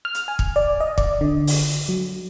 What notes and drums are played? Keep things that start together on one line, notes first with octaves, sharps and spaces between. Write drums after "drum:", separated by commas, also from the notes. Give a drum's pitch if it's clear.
F6
drum: hi-hat
G#5
drum: kick
D5
D#5
D5, drum: kick
D3
drum: open hi-hat
F#3